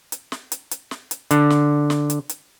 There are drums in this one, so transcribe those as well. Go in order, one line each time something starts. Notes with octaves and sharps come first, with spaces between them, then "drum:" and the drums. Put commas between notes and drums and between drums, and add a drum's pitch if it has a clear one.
drum: hi-hat
drum: snare
drum: hi-hat
drum: hi-hat
drum: snare
drum: hi-hat
D3, drum: hi-hat
drum: snare
drum: snare
drum: hi-hat
drum: hi-hat